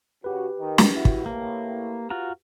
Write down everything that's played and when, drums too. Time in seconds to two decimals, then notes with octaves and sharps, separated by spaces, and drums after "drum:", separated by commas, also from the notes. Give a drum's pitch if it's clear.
0.24 C#3 F#4 G4 B4
0.58 D#3 G5
0.78 drum: snare
0.94 E4 F#4
1.05 drum: kick
1.26 A2 A#3
2.10 F4 F#4 A#5